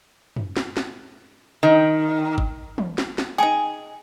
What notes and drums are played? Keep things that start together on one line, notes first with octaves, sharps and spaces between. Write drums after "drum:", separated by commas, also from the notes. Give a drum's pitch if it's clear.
drum: tom
drum: snare
drum: snare
D#3
drum: kick
drum: tom
drum: snare
drum: snare
D#4 G#4 G5 G#5